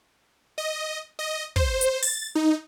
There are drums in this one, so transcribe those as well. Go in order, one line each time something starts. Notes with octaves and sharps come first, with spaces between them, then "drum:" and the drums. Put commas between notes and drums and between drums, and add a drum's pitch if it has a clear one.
D#5
D#5
C5, drum: kick
drum: hi-hat
A6, drum: open hi-hat
D#4